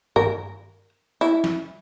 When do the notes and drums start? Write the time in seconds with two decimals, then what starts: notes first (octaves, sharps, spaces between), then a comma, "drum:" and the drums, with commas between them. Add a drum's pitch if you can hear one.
0.16 A#4, drum: tom
1.21 E4, drum: tambourine
1.44 drum: snare